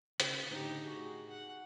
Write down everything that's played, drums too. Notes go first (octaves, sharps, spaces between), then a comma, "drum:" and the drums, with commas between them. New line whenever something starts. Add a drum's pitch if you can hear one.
C#3, drum: hi-hat
A2 D3 D#4 G4
F#4 G#4
F#5